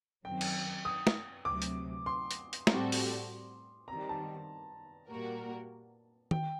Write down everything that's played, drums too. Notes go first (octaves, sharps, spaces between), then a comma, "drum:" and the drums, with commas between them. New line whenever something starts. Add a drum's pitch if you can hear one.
F#2 D#3 F#3 C4 G5
drum: cymbal
D#6
drum: snare
D2 C3 F#3 D6
drum: hi-hat
C6
drum: hi-hat
drum: hi-hat
A2 G3 C4 F#4 A4, drum: snare
drum: open hi-hat
D#3 G3 C4 A#5
A5
A#2 G3 A#3 F#4 A#4
G5, drum: tom D#3